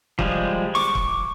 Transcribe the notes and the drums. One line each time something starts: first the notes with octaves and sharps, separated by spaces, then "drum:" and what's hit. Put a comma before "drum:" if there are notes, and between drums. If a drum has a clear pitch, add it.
F3 G3 G#3, drum: kick
C#6 D6, drum: snare
drum: kick